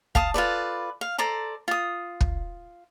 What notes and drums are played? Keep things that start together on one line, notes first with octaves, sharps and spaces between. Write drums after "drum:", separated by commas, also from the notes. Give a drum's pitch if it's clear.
F5 A5 D#6, drum: kick
F4 A4 B4 D5
F5
A4 C5 D5 A#5
F4 D#6
drum: kick